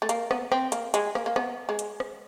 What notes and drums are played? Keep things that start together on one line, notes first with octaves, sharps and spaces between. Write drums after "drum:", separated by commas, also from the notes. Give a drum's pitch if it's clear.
A3
A#3, drum: hi-hat
B3, drum: rim click
C4, drum: rim click
A#3, drum: hi-hat
G#3, drum: hi-hat
A#3, drum: rim click
A#3
B3, drum: rim click
G#3
drum: hi-hat
drum: rim click